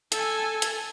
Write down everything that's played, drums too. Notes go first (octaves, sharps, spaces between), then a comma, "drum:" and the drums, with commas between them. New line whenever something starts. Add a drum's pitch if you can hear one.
A4 G#5, drum: hi-hat
drum: hi-hat